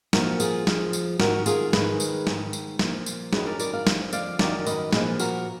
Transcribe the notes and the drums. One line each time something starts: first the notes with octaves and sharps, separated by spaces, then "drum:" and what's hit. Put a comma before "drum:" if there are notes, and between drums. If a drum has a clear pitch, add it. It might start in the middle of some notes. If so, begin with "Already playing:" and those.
A#2 F3 F#4 A#4, drum: snare
F4 G#4, drum: tambourine
F2 F3, drum: snare
drum: tambourine
G#2 D#3 F#4 A#4, drum: snare
F4 G#4, drum: tambourine
G#2 D#3 G#4 B4, drum: snare
drum: tambourine
G#2 D#3, drum: snare
drum: tambourine
A#2 F3, drum: snare
drum: tambourine
F#2 D#3 G#4 B4, drum: snare
A#4 D5
A#4 D5, drum: tambourine
D5 F5
F2 D3 F3, drum: snare
D5 F5, drum: tambourine
F#2 D#3 A#4 D5, drum: snare
B4 D#5, drum: tambourine
A#2 F3 G#4 B4, drum: snare
F#4 A#4, drum: tambourine